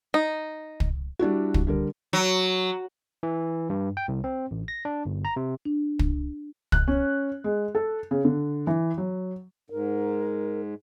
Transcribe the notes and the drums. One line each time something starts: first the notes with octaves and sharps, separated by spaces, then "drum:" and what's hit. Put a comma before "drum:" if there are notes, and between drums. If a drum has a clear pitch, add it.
D#4
drum: kick
G3 D4 E4 F#4
drum: kick
D3 G3 A#4
F#3
E3
G2
G5
C2
C4
A1
A#6
D4
G1
A#5
C3
D4
drum: kick
F#6, drum: kick
C#4
G#3
A4
C#3
D3
E3
F#3
G#2 A#4